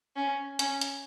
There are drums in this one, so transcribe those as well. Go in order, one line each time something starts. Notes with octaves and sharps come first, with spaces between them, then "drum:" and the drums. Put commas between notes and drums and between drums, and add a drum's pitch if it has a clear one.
C#4
C#4, drum: hi-hat
drum: hi-hat